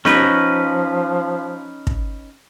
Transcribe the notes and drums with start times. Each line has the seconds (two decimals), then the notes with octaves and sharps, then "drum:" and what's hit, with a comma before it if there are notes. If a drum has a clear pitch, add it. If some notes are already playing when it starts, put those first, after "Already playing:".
0.05 F3 C#4 D#4 B4, drum: snare B3
1.87 drum: kick